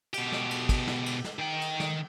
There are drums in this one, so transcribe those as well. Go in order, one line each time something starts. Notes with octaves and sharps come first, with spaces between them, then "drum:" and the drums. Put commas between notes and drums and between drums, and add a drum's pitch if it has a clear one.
B2 G4, drum: cymbal
drum: snare
drum: cymbal
drum: kick, cymbal
drum: snare
drum: cymbal
drum: snare
D#3 G5
drum: cymbal
drum: snare